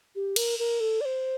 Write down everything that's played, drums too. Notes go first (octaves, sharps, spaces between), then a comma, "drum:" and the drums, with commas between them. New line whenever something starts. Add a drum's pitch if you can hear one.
G4
A#4, drum: cymbal
A#4
A4
D5
C5